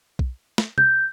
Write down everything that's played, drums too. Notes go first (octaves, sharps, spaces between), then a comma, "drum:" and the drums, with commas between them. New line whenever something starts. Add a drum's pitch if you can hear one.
drum: kick B1
drum: snare
G6, drum: tom